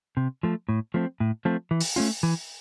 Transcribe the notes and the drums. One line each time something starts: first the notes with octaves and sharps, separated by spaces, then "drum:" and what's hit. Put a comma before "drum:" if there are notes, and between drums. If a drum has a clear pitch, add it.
C3
F3 A3
A2
F3 A3 C4
A2
F3 A3 C4
E3
drum: open hi-hat
A3 C#4 F4
E3